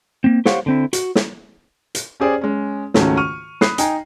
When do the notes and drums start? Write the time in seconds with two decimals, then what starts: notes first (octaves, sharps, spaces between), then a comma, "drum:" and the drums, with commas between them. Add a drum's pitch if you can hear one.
0.24 A#3 C4
0.46 G4 C5 C#5 F5 F#5, drum: snare
0.66 D3 C4 E4
0.93 F#4, drum: hi-hat
1.15 drum: snare
1.95 drum: hi-hat
2.20 C#4 G4 G#4 C5 D5
2.41 G#3 C#4
2.94 C#2 G#2 D#3 A3 C#4 F#4, drum: snare
3.17 C#6 F6 D#7
3.61 B5 D#6 F#6 C7, drum: snare
3.78 D#4 G5 G#5 A#5, drum: hi-hat